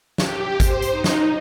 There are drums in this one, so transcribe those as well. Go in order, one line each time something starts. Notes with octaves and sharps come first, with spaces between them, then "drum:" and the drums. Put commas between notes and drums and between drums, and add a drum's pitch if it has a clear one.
G4, drum: snare
C5, drum: kick G#1, hi-hat
drum: hi-hat
D#4
drum: snare